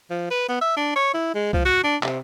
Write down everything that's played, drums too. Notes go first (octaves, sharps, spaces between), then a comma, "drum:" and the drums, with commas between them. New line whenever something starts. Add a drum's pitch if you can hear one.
F3
B4
B3
E5
D4
C#5
E4
G#3
F3, drum: kick C2
F#4
D4
C3, drum: clap